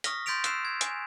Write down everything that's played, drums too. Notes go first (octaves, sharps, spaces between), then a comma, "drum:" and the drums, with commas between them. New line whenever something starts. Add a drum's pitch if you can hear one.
C#6 D#6 F6 A#6 B6, drum: hi-hat
C6 G6 A6 B6 D7 F7
E6 F#6 C7 E7, drum: hi-hat
G#6
G#5, drum: hi-hat